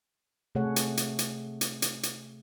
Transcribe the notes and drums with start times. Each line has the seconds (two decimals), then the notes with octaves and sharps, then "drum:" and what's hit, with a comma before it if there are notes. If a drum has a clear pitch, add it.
0.55 C3 A3 G#4 A4 C#5 F#5
0.76 drum: hi-hat
0.97 drum: hi-hat
1.19 drum: hi-hat
1.61 drum: hi-hat
1.82 drum: hi-hat
2.03 drum: hi-hat